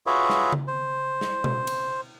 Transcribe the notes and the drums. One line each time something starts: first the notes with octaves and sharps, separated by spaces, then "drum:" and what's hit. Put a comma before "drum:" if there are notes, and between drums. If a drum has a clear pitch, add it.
F4 F#4 G#4 B4 C#5 E5
drum: snare
drum: tom C#3
C5
drum: snare
drum: tom B2
drum: cymbal